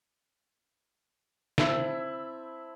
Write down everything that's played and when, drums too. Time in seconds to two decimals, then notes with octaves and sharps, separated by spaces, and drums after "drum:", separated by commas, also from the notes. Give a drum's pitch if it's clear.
1.58 C4 E4 A5 B5, drum: snare